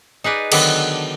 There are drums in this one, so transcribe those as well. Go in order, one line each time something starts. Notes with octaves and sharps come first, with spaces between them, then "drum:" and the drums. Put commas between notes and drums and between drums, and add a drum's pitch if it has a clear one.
D#4 G#4 B4 D5
D3 D#3 F#3 B3 D4, drum: cymbal